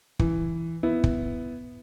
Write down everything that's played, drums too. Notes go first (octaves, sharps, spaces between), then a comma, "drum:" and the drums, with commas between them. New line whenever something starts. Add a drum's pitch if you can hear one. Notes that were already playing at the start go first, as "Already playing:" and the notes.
E3, drum: kick
B3 E4
drum: kick